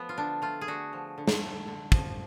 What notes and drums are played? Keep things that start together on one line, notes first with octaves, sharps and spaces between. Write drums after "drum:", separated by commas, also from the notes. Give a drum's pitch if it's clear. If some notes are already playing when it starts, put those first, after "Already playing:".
Already playing: F3 A3 B3
F4
D3 D4
A3 F4
G#4
D3 F#4
F3
D3
drum: snare
A3
D3
F3, drum: kick